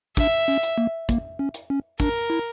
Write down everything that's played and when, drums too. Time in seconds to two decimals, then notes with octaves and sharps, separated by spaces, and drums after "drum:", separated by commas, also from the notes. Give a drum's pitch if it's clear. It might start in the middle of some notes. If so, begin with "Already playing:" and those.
0.17 D4 E5, drum: kick, hi-hat
0.48 C#4
0.63 drum: hi-hat
0.78 A#3
1.09 A#3, drum: kick, hi-hat
1.39 C#4
1.54 drum: hi-hat
1.70 C#4
2.00 D4 A#4, drum: kick, hi-hat
2.30 E4